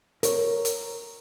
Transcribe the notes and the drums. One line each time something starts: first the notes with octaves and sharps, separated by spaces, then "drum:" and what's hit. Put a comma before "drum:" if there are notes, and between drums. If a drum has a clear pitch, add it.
A#4 C#5, drum: hi-hat
drum: hi-hat